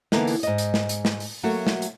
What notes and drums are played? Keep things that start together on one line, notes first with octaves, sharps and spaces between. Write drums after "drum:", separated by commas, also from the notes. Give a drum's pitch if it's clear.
D3 E3 A#3 B3 D#4, drum: snare
drum: open hi-hat
G#2 D#5, drum: hi-hat
drum: hi-hat
drum: snare
drum: hi-hat
drum: snare
drum: open hi-hat
F#3 A3 A#3 F#4
drum: snare
drum: hi-hat